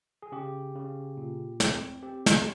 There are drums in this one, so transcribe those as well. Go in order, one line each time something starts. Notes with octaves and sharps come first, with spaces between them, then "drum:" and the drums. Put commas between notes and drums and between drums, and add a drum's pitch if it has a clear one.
G#4
C#3 G4
C#3
A#2
C4, drum: snare
C4 G4
drum: snare